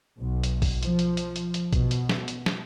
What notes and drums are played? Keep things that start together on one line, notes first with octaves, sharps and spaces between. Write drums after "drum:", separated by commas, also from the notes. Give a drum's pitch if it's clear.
B1
drum: hi-hat
drum: kick, open hi-hat
F3, drum: hi-hat
drum: hi-hat
drum: hi-hat
drum: hi-hat
drum: hi-hat
B2, drum: kick, hi-hat
drum: hi-hat
drum: snare
drum: hi-hat
drum: snare